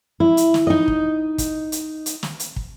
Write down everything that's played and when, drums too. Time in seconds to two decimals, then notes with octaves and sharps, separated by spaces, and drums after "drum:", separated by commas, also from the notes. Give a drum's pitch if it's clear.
0.20 E4
0.37 drum: hi-hat
0.54 drum: snare
0.67 D#4 D#5
0.88 drum: kick
1.38 drum: kick, hi-hat
1.72 drum: hi-hat
2.06 drum: hi-hat
2.23 drum: snare
2.40 drum: hi-hat
2.56 drum: kick